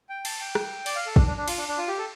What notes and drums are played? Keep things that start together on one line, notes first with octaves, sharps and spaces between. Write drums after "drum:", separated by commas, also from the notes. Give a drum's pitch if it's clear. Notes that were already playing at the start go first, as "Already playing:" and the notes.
G5
A5, drum: cymbal
G5
drum: rim click
D5, drum: cymbal
F5
A4
D4, drum: kick
D4
D4
F4, drum: cymbal
D4
D4
F4
G4
A4